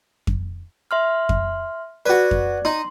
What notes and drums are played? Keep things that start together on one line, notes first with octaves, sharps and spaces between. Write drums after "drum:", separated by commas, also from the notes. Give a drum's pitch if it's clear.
drum: kick F2
E5 C6 F6
drum: kick F2
F#4 B4 D5
drum: kick F2
D#4 C6